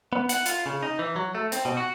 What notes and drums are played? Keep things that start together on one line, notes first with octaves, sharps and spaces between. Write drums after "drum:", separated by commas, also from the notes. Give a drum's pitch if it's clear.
B3
F#5, drum: hi-hat
F4, drum: hi-hat
C#3
D#4
E3
F#3
A3
C4, drum: hi-hat
B2
F#4